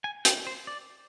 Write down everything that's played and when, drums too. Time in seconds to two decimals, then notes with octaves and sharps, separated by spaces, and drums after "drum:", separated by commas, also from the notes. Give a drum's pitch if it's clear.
0.04 G#5
0.25 G5, drum: hi-hat
0.47 C5
0.67 D5